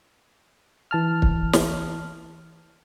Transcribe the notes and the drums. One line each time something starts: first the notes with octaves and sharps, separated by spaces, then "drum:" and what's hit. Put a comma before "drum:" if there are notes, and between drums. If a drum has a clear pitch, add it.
E3 A5 F6
drum: kick
drum: snare